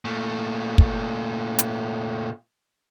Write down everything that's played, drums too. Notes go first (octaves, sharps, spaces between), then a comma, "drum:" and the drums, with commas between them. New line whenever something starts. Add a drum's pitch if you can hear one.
A#2 A3
drum: kick
drum: hi-hat